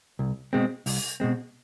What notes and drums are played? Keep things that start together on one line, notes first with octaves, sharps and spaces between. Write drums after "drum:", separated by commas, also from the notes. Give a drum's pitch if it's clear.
C2
B2 G#3 C4
C2, drum: open hi-hat
B2 G#3 C4